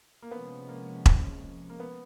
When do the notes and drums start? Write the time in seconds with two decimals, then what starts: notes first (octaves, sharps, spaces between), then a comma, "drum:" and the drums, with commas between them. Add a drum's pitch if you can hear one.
0.22 A#3
0.31 C3 F3 G#3 B3 C#4
0.69 A#3
1.06 drum: kick E1
1.70 A#3
1.80 B3